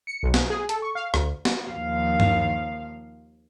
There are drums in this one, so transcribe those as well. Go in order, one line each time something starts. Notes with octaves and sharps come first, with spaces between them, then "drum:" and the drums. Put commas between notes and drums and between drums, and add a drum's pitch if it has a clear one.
C#7
B1
drum: snare
G#4
A4, drum: hi-hat
C#6
F5
D2, drum: rim click
drum: snare
D#2 F3 F5
drum: tom G2